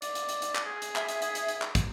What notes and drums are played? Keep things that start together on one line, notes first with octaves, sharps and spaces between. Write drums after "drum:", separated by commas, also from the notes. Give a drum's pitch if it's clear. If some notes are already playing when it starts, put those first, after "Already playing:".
D5, drum: hi-hat
drum: hi-hat
drum: hi-hat
drum: hi-hat
drum: clap
G#4
drum: hi-hat
E5, drum: clap
drum: hi-hat
drum: hi-hat
drum: hi-hat
drum: hi-hat
drum: clap
drum: kick, hi-hat